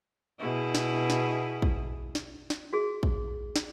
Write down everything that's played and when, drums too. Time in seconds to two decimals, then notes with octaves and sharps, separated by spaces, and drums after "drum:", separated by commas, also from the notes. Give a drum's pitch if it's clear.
0.39 B2 E4 G#4
0.75 drum: snare
1.10 drum: snare
1.62 drum: kick
2.15 drum: snare
2.50 drum: snare
2.73 F#4 G#4
3.03 drum: kick
3.56 drum: snare